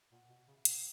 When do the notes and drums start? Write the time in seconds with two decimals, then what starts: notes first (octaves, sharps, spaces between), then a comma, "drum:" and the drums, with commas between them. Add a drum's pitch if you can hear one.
0.12 A#2 F#5
0.29 B2
0.48 C#3
0.55 E5
0.65 B2 F#5, drum: hi-hat